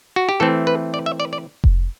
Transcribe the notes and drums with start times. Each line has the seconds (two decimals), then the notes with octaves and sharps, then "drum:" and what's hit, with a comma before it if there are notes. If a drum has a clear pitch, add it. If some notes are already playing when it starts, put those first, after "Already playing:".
0.16 F#4
0.29 G4
0.40 E3 A3 C4 A4
0.67 B4
0.94 D5
1.06 E5
1.20 D5
1.33 D5
1.64 drum: kick F1